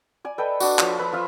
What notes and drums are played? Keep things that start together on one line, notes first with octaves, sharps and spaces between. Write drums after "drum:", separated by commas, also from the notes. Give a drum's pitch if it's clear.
D5 G#5
A4 B4 D#5 G5
D4 F#4, drum: tambourine
F3 C5 C#5, drum: clap
B4 E5
F3 F4 E5